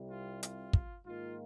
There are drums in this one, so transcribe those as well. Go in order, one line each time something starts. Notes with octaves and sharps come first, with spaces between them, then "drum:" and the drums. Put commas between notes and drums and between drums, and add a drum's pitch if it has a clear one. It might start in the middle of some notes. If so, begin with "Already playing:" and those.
Already playing: C2 C3 G3
F4
F4, drum: hi-hat
drum: kick
G#2 D#3 A#3 F4